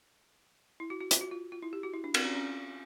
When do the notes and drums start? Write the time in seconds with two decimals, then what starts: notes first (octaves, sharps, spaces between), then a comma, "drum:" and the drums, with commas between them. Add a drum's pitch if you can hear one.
0.80 E4
0.90 F#4
1.00 F#4
1.11 F4, drum: hi-hat
1.21 F#4
1.31 F4
1.52 F4
1.63 E4
1.73 G4
1.83 F#4
1.94 E4
2.04 D4
2.14 C4, drum: cymbal
2.25 C#4
2.35 C#4